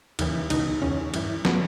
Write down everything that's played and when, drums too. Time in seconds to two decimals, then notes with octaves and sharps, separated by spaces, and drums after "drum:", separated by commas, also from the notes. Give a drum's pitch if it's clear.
0.19 D#2 C#3 E3, drum: cymbal
0.50 C#2 B2 D#4, drum: cymbal
0.82 E2 D#3 C#4
1.14 G2 E3, drum: cymbal
1.45 B2 B3, drum: snare